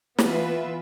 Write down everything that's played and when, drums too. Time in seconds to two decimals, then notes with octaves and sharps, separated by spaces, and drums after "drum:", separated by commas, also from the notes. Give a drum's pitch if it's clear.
0.18 E3 B3 F4 B4 E5, drum: snare